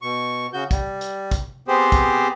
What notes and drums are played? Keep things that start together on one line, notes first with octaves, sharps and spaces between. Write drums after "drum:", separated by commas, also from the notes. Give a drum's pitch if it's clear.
B2 C#6
C#3 F#4 G6
G3, drum: kick, hi-hat
drum: hi-hat
drum: kick, hi-hat
B3 C4 G4 G#4 C5
drum: kick, hi-hat